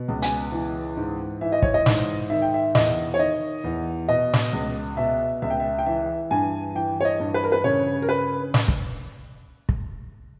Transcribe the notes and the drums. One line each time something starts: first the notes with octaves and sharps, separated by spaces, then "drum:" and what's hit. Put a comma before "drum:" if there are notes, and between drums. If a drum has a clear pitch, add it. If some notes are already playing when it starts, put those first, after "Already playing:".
Already playing: B2
C#2
G#5, drum: hi-hat
E3
G#2
E3 E5
D#5
C#5, drum: kick
D#5
G#2, drum: snare
D#3 E5
G5
E5
E2 D#5, drum: snare
C#5
D#3 D#5
E2
B2 D#5
drum: snare
C#2
B2 E5
C#2 E5
G5
E5
G5
E3 E5
G2 G#5
E3 G5
C#5
D#5
G2
B4
A#4
B4
C#3 C#5
A#4
B4
drum: snare
drum: kick
drum: kick